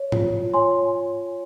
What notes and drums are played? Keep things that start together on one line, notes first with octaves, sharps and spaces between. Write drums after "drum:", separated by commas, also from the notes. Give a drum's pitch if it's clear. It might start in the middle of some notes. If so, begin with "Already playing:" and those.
Already playing: C#5
F4, drum: tom G#2
C#5 G#5 C6